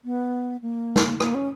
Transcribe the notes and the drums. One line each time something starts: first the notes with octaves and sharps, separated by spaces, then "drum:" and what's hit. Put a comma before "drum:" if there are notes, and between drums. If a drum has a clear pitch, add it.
B3
A#3
drum: snare
A#3, drum: rim click
C#4